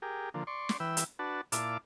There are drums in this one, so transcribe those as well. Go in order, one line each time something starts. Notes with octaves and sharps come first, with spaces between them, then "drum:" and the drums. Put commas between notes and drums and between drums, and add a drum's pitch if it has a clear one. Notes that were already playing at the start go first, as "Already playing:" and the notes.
G4 G#4 A#4
D3 F3 A#3
D5 C6 C#6
drum: snare
E3 B4 G5 E6
drum: hi-hat
D4 F#4 B4 A5
A#2 E4 D5 F5 A5 D6, drum: hi-hat